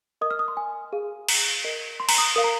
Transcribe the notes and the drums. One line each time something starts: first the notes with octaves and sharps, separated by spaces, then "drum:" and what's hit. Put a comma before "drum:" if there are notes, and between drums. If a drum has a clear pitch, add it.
A#4 D#5 D#6
F6
D#6
C6
G#5
G#4 F5
A#5, drum: cymbal
A#4 D#5
C6
A#5, drum: cymbal
D#6
A#4 F5 D#6
A#5